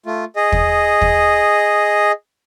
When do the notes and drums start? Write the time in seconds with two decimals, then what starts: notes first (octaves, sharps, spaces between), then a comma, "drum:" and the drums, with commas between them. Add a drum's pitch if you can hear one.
0.06 A3 F4
0.36 G#4 D#5
0.52 drum: kick
1.01 drum: kick